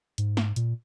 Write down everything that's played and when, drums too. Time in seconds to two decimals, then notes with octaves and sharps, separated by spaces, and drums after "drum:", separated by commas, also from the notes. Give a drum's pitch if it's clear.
0.18 G#2, drum: hi-hat
0.37 drum: snare
0.56 A#2, drum: hi-hat